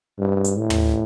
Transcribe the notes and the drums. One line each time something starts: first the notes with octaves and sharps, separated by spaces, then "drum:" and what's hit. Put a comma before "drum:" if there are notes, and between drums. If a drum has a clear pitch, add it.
G2
drum: hi-hat
A2
drum: tom